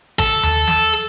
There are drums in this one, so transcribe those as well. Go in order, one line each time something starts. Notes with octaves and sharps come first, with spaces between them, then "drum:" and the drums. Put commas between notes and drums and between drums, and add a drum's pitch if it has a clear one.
A4, drum: kick G#1, hi-hat
drum: tom D#2
drum: snare